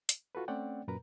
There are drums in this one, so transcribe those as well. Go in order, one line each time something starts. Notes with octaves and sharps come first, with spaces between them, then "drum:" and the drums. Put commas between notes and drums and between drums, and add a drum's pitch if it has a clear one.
drum: hi-hat
F4 F#4 A4 B4
A3 C4 C#4 D5 F#5 G5
F#2 A#2 A#4 B4 A#5